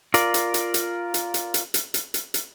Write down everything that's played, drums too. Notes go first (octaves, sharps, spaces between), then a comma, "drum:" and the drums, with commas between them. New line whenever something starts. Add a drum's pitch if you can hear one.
F4 A#4 D5, drum: hi-hat
drum: hi-hat
drum: hi-hat
drum: hi-hat
drum: hi-hat
drum: hi-hat
drum: hi-hat
drum: hi-hat
drum: hi-hat
drum: hi-hat
drum: hi-hat